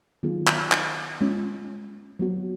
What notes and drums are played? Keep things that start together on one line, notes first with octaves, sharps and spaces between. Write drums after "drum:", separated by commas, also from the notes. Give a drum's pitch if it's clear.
D#3 F#3 B3 F4 G#4
drum: clap
drum: clap
G#3 C#4 F4
F#3 B3 F#4